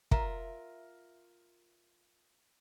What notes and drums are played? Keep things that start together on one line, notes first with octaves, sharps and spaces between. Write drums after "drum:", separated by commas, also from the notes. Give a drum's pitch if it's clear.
F4 A#4 E5, drum: kick